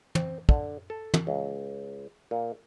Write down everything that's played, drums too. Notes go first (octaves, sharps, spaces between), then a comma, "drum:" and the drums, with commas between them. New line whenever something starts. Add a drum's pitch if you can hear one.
C4, drum: tom
D3, drum: kick
A4
drum: tom
C#2
A#2